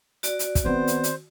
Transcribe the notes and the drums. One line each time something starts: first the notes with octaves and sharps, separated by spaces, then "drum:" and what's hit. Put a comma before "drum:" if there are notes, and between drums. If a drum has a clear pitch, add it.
F#4 D5, drum: hi-hat
drum: hi-hat
drum: kick, hi-hat
D#3 B3 C4 C5
drum: hi-hat
drum: hi-hat